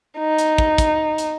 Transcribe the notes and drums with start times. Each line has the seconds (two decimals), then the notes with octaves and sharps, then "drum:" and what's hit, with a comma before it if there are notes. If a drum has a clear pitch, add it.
0.19 D#4
0.38 drum: hi-hat
0.58 drum: kick
0.78 drum: kick, hi-hat
1.18 drum: hi-hat